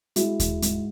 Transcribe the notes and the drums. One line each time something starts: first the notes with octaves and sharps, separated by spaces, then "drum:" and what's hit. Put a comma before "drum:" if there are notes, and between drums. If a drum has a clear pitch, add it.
G#3 E4 F#4, drum: hi-hat
drum: kick D#2, hi-hat
G#2, drum: hi-hat